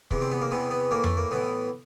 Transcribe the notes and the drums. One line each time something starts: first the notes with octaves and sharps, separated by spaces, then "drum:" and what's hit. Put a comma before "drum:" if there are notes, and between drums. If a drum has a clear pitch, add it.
E2 C3 E3, drum: kick
C4
B3
A#3
E2 C3 E3 B3
B3
A2 E3 A#3
A3, drum: tom F2
A#3
A2 E3 B3